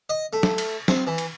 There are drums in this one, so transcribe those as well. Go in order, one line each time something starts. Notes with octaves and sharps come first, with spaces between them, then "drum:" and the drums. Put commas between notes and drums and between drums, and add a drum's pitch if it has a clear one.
D#5
A3
drum: snare
drum: cymbal
C4, drum: snare
E3
drum: cymbal